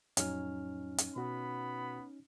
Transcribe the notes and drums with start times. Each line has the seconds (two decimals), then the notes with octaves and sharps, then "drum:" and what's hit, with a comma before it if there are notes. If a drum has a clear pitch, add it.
0.17 F2 A2 F#3 C#4 D#4 F6, drum: hi-hat
0.98 drum: hi-hat
1.16 B2 B3 F#4 B5